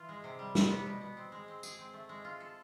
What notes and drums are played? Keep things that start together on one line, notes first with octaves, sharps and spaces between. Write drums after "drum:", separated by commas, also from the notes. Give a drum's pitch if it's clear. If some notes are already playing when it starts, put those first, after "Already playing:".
Already playing: E3 F4
G#3
C3
G3
C3, drum: snare
B3
B2
B3
C4
G#3
C4
G#4, drum: tambourine
C4
A3
G#3
F4
A4